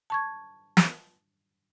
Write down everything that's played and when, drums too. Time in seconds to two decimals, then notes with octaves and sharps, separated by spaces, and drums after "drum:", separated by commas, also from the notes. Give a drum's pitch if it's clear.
0.10 A5 C#6 G#6
0.77 drum: snare